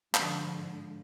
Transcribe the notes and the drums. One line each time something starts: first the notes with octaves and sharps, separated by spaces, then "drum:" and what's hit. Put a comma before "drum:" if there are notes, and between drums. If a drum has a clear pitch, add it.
G#2 D3 F3, drum: clap